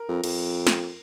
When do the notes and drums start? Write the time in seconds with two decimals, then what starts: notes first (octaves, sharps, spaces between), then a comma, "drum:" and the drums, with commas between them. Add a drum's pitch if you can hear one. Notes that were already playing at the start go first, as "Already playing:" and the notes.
Already playing: A#4
0.09 F2
0.24 F2, drum: cymbal
0.67 drum: snare